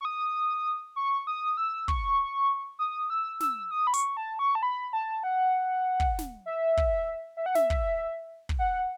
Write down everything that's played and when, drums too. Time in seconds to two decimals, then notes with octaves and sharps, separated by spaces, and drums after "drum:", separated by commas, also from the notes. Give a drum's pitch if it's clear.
0.01 C#6
0.05 D#6
0.96 C#6
1.27 D#6
1.57 E6
1.88 C#6, drum: kick
2.79 D#6
3.10 E6
3.40 E6, drum: snare
3.71 D#6
3.87 B5
3.94 C#6, drum: hi-hat
4.17 A5
4.39 C#6
4.55 A5
4.63 B5
4.93 A5
5.23 F#5
6.00 drum: kick
6.19 drum: snare
6.46 E5
6.77 drum: kick
7.37 E5
7.46 F#5
7.55 E5, drum: snare
7.70 drum: kick
8.49 drum: kick
8.59 F#5